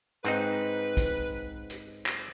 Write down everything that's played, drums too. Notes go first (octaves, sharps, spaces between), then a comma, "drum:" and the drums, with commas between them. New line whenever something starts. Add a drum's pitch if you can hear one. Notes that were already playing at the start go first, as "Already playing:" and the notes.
G#2 C4 D#4 B4, drum: hi-hat
drum: kick, hi-hat
drum: hi-hat
drum: clap